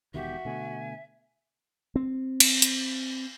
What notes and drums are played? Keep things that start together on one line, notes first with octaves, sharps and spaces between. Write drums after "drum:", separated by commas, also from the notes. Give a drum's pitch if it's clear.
E1 B2 D#3 F#4 G4 E5
B2 D3 A3 G#5
C4
drum: cymbal
drum: hi-hat